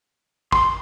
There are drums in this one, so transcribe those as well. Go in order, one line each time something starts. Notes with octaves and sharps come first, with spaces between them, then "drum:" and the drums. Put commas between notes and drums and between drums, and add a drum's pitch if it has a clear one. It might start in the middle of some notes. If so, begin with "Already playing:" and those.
C6, drum: kick